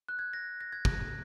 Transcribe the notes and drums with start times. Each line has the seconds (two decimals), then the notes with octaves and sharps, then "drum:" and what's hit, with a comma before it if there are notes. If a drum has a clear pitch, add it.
0.09 F#6
0.19 G#6
0.33 A#6
0.61 A#6
0.72 G#6
0.85 A#6, drum: kick